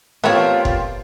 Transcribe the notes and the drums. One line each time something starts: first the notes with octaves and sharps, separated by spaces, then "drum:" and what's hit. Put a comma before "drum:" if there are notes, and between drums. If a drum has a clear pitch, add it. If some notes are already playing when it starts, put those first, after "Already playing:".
A3 B3 C4 F4 G4 A#4 C#5
drum: kick F#1